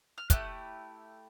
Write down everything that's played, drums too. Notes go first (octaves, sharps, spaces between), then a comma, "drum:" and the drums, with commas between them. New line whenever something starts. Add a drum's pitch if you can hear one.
F6
A3 C#4 E4 G4 F#6, drum: kick, hi-hat